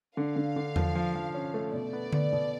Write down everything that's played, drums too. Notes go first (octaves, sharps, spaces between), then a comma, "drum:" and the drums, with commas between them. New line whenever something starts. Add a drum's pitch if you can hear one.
D3 F5
D3
D3
F3, drum: tom E2
F3
F3
C#4
A3
B2 D5
B3
B3, drum: tom D3
B2